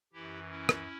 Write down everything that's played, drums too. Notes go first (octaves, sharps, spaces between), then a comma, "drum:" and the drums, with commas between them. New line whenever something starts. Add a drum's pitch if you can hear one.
F#2 E3 E4 G4
C#4 E4
drum: rim click